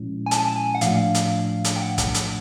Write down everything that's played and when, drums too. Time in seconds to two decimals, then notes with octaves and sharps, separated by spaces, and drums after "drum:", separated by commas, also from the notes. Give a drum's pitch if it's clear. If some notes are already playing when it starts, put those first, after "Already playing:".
Already playing: A#2 F3 G#3 C#4 E4
0.26 G#5
0.31 A5, drum: hi-hat
0.56 G#5
0.75 F#5
0.81 A2 F3 A3 D4 F5, drum: hi-hat
1.15 drum: hi-hat
1.64 drum: hi-hat
1.76 G5
1.81 F#5
1.98 drum: kick, hi-hat
2.14 drum: hi-hat